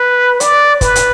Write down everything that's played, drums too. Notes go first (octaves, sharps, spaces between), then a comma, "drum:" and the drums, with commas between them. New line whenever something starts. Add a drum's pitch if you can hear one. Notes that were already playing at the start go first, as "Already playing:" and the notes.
Already playing: B4
D5, drum: hi-hat
B4, drum: kick, hi-hat
drum: hi-hat